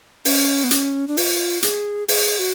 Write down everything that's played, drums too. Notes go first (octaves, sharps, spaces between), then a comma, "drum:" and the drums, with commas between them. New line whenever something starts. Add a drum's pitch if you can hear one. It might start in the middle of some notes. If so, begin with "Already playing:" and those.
C#4, drum: open hi-hat
B3
C#4, drum: hi-hat
D4
F4, drum: open hi-hat
G#4, drum: hi-hat
G#4, drum: open hi-hat
F#4